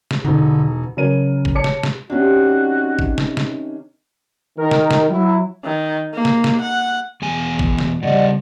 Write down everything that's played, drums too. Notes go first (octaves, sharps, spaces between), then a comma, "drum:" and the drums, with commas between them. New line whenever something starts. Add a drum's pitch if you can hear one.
drum: snare
E1 D3 D#4
C#3 F#3 A#4 C#5 D#7
drum: kick
C#5 A5 D6 C#7
drum: snare
drum: snare
C3 D#3 C#4 D4 F#4
drum: kick
drum: snare
drum: snare
D#3 A#4
drum: snare
drum: snare
F#3 E4
D#3
A#3
drum: snare
drum: snare
F#5
E2 B2 G#5
drum: kick
drum: snare
A2 C#3 G3 D5 D#5 F#5